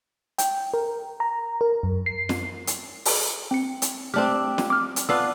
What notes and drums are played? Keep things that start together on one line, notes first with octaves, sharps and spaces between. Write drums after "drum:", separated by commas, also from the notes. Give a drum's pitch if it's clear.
G5, drum: hi-hat
A#4
A#5
A#4
F#2
C7
drum: snare
drum: hi-hat
drum: open hi-hat
C4 C#7
drum: hi-hat
A3 C4 D4 G4 F6
drum: snare
D6 F6
drum: hi-hat
B3 D4 F4 E6 C7